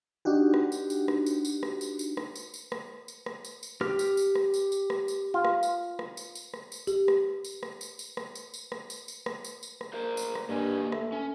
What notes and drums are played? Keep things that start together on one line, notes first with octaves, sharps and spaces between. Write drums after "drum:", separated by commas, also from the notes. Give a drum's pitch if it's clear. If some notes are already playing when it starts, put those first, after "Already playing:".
D4 D#4 F#4 G4
drum: rim click
drum: tambourine
drum: tambourine
drum: rim click
drum: tambourine
drum: tambourine
drum: rim click
drum: tambourine
drum: tambourine
drum: rim click
drum: tambourine
drum: tambourine
drum: rim click
drum: tambourine
drum: rim click
drum: tambourine
drum: tambourine
G4 F6, drum: rim click
drum: tambourine
drum: tambourine
drum: rim click
drum: tambourine
drum: tambourine
drum: rim click
drum: tambourine
F4
drum: rim click
drum: tambourine
drum: rim click
drum: tambourine
drum: tambourine
drum: rim click
drum: tambourine
G4, drum: tambourine
drum: rim click
drum: tambourine
drum: rim click
drum: tambourine
drum: tambourine
drum: rim click
drum: tambourine
drum: tambourine
drum: rim click
drum: tambourine
drum: tambourine
drum: rim click
drum: tambourine
drum: tambourine
drum: rim click
A#3 A#4 C5
drum: tambourine
drum: rim click
G2 A#3 D#5 G#5
A3, drum: rim click
C#4